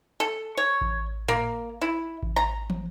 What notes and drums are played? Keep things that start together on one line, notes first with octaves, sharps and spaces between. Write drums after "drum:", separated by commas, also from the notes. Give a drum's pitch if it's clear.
A4
C#5
drum: kick A1
A#3, drum: tom A2
E4
drum: kick A1
A#5
drum: tom